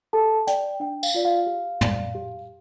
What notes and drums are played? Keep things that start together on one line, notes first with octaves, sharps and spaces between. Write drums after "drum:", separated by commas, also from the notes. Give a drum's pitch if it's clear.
G4 A4 A5
D5 G5, drum: hi-hat
D4 G5
F5, drum: tambourine
F4 D5
F5
G4
D5, drum: tom
G4